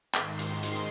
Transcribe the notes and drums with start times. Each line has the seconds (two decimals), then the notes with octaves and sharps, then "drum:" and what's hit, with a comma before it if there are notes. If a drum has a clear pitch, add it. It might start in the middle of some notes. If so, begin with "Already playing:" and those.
0.14 G#2 D#3 C6, drum: clap
0.39 drum: hi-hat
0.63 drum: hi-hat